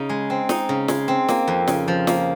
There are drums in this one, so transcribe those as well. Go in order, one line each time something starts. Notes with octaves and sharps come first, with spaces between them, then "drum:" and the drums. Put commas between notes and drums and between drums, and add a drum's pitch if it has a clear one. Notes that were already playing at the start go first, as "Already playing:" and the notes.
Already playing: C#3 D#4
G#3
C4
D#4, drum: snare
C#3
G#3, drum: snare
C4
A#3, drum: snare
F2
C#3, drum: snare
F3
A#3, drum: snare